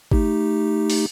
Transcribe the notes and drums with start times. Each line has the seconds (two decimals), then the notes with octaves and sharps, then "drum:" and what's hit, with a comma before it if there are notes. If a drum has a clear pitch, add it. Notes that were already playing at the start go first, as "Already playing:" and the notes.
0.12 A3 D#4 G4, drum: kick G#1
0.90 drum: open hi-hat